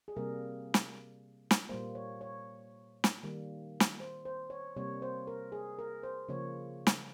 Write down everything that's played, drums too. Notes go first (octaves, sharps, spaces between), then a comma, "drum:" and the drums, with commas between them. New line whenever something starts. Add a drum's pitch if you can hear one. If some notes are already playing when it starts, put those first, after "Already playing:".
G#4
C3 G3 A#3 A#4
drum: snare
drum: snare
A#2 G3 A#3 C5
C#5
C#5
drum: snare
D#3 G3 A#3
drum: snare
C5
C5
C#5
C3 G3 A#3 C#5
C5
A#4
G#4
A#4
C5
C#3 F3 A#3 C#5
drum: snare